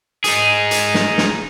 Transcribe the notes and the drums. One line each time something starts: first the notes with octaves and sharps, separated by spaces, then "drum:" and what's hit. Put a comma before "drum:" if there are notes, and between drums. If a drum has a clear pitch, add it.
D#4 G#4, drum: hi-hat
drum: hi-hat
drum: snare
drum: snare